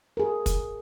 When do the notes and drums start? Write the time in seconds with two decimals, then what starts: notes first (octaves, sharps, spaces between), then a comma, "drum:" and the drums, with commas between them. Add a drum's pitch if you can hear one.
0.17 G#4 A#4
0.46 drum: kick, hi-hat